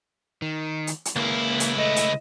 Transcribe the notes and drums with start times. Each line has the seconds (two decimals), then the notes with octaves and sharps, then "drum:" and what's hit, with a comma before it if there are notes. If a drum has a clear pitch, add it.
0.42 D#3
0.87 drum: hi-hat
1.05 drum: hi-hat
1.16 C#2 A#3 E4
1.60 drum: hi-hat
1.78 A3 D#5
1.96 drum: hi-hat